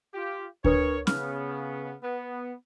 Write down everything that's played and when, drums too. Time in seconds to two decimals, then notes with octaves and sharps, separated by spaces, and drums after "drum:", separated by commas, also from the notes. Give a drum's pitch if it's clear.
0.14 F4 G4
0.64 D4 A#4 B4 C#5 D#6, drum: kick D2
1.07 C#3 B3 F6, drum: snare C#4
2.03 B3